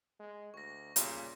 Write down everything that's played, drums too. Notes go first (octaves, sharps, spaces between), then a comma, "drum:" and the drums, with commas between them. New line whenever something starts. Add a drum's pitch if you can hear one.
G#3
D2 C#6 A#6
A#2 C#3 G3, drum: hi-hat